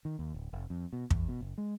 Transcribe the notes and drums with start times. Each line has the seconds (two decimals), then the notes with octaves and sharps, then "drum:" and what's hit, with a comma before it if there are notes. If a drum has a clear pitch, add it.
0.05 D#3
0.19 D#2
0.34 D1
0.53 F1
0.70 F2
0.93 B2
1.10 E2, drum: kick
1.28 B2
1.41 F#1
1.58 G#3